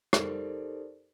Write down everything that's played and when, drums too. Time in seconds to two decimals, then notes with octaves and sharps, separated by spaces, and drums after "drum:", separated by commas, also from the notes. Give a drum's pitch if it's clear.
0.13 D#4 G4 A4 A#4 C5 D5, drum: rim click